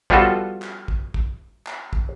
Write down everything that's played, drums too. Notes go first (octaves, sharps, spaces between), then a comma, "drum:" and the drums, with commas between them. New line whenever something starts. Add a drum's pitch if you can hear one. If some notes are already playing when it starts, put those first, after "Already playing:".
F3 G3 B3 F4 F#4 A4, drum: kick
drum: clap
drum: kick
drum: kick
drum: clap
drum: kick